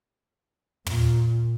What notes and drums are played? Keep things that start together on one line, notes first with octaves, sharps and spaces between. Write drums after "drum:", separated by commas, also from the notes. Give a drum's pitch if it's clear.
A#2, drum: tom